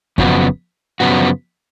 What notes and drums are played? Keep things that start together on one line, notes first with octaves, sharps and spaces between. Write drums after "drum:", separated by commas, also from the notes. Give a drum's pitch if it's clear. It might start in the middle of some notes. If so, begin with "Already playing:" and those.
F#2 C#3 F3 B3 F#4, drum: kick F#2
F#2 C#3 F3 B3 F#4